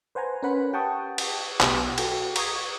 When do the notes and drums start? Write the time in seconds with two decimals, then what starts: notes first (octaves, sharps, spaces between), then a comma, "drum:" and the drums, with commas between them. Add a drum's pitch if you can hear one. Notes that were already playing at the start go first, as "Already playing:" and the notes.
0.15 B4 C5 F#5 G#5 A#5
0.42 C#4 A#4 B4 F#5 B5
0.73 G4 F#5 G5 A5 C#6 D#6
1.18 drum: cymbal
1.61 B1 B2 B3 G4, drum: clap
1.98 F#4 A4 G5, drum: cymbal
2.36 A#5 C#6 D#6 G#6, drum: cymbal